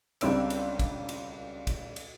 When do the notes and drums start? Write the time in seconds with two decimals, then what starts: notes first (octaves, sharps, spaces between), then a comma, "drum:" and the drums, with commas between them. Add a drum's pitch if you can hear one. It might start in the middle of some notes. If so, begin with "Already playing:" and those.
0.21 C#2 G3 C4 D4 E6 D7, drum: cymbal
0.50 drum: cymbal
0.79 drum: kick, cymbal
1.09 drum: cymbal
1.67 drum: kick, cymbal
1.96 drum: cymbal